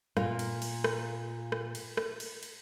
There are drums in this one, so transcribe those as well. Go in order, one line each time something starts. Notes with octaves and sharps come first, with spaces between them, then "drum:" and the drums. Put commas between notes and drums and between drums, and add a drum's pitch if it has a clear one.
A#2 A#3 F4, drum: rim click
drum: cymbal
drum: cymbal
drum: rim click
drum: rim click
drum: cymbal
drum: rim click
drum: cymbal
drum: cymbal